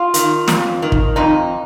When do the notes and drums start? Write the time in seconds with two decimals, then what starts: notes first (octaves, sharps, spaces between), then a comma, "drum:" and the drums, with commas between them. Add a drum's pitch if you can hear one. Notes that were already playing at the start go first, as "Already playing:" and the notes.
Already playing: F4
0.14 D#3, drum: hi-hat
0.48 F2, drum: snare
0.82 D#3
0.92 drum: kick
1.16 F2 D#4